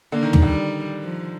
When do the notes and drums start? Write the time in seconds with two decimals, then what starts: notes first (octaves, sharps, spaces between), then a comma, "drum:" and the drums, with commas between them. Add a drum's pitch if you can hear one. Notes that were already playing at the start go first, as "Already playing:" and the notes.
0.12 D3 A#3
0.23 D#3
0.33 D#3, drum: tom
0.43 D3 G3
1.03 F3